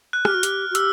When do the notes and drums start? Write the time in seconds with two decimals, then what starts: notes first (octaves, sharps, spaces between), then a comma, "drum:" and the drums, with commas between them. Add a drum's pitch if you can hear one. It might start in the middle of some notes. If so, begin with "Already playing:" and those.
0.13 F#6
0.25 G4 F6, drum: rim click
0.34 F#4
0.43 G4, drum: hi-hat
0.71 F#4
0.75 G4 E6, drum: hi-hat